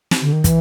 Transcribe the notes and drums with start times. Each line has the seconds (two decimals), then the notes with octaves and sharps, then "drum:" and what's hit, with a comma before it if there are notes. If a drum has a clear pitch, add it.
0.11 drum: snare
0.22 D3
0.33 D#3
0.44 E3, drum: kick, hi-hat